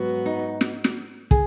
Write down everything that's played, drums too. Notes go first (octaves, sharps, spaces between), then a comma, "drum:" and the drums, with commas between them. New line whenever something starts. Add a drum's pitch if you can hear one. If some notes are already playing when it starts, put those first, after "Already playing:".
Already playing: G#2 F#3 B3 F#4
D#4
drum: snare
drum: snare
G#4, drum: kick